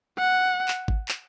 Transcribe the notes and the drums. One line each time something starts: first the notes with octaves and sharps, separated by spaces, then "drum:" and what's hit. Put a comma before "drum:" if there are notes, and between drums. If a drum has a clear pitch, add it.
F#5
drum: clap
drum: kick G#1
drum: clap